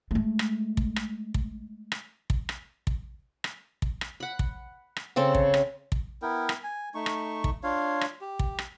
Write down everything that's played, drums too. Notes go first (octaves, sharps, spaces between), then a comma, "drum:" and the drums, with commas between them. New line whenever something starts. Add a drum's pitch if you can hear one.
G#3 A3
drum: rim click
drum: kick
drum: rim click
drum: kick
drum: rim click
drum: kick
drum: rim click
drum: kick
drum: rim click
drum: kick
drum: rim click
F#5 B5
drum: kick
drum: rim click
C#3 C4 A4
drum: kick
drum: rim click
drum: kick
B3 E4 A#4 G5
drum: rim click
G#5
A3 D#4 C#6
drum: rim click
drum: kick
D4 F4 C#5 F5
drum: rim click
G4
drum: kick
drum: rim click